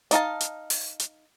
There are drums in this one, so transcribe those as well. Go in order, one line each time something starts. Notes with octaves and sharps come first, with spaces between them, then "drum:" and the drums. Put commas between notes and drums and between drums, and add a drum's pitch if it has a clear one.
D4 D#4 F5 A5, drum: hi-hat
drum: hi-hat
drum: open hi-hat
drum: hi-hat